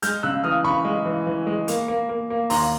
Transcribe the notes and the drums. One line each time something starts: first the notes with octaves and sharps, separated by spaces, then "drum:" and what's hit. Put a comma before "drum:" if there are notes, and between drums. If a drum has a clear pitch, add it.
G#3 F6 G6, drum: hi-hat
C#3 E6 F#6
E3 D#6 F6
C#3 B5 C#6
G#3
E3
E3
G#3
A#3, drum: hi-hat
A#3
A#3
A#3
D#2 A#5 C6, drum: open hi-hat